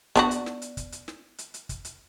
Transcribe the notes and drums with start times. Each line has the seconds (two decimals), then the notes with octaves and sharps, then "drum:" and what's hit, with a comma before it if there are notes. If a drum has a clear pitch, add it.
0.16 B3 D4 F#4, drum: kick, hi-hat
0.31 drum: hi-hat
0.46 drum: snare
0.62 drum: hi-hat
0.77 drum: kick, hi-hat
0.92 drum: hi-hat
1.08 drum: snare
1.38 drum: hi-hat
1.54 drum: hi-hat
1.69 drum: kick, hi-hat
1.85 drum: hi-hat